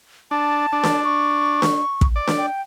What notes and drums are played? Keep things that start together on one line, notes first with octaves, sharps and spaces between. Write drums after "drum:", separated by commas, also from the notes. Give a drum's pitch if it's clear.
D4 A5
D4
drum: snare D4
C#6
drum: snare D4
drum: kick
D5
drum: snare D4
G5